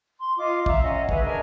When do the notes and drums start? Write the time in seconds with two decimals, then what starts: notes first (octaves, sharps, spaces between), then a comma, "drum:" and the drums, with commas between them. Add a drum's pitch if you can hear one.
0.19 C6
0.37 F4 D#5 D6
0.66 E5 F5 A#5, drum: kick
0.81 C#4 D#5 F#5
1.09 G#4 B4 E5, drum: kick
1.23 D4 A#4 D#5 G#5